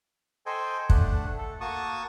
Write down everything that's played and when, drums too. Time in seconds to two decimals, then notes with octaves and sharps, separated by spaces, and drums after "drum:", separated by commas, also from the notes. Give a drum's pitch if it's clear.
0.46 A4 C5 D#5 G5 G#5
0.90 A3 D4 F#5, drum: kick
1.38 A4
1.61 A#3 F#4 A5 C#6 D#6